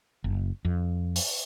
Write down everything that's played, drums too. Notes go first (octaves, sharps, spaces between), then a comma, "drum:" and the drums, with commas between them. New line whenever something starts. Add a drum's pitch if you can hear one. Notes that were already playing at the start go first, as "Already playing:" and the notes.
F#1
F2
drum: open hi-hat